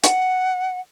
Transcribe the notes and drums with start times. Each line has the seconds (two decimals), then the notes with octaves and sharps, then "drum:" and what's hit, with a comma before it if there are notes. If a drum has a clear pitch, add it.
0.04 F#5, drum: hi-hat